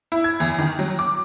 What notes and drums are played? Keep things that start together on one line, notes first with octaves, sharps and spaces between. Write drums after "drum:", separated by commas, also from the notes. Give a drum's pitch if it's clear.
E4
G#6
E2, drum: tambourine
D#3
F#3, drum: tambourine
D6